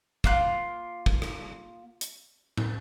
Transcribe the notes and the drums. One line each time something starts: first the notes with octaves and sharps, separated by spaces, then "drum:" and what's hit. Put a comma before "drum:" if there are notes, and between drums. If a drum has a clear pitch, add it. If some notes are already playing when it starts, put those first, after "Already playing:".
A#3 F4 F#6, drum: kick
drum: kick
drum: rim click
drum: hi-hat
drum: tom